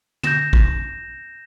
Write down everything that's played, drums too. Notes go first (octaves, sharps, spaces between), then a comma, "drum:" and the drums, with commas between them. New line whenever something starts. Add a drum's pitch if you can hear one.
G6 A#6 E7, drum: tom
drum: kick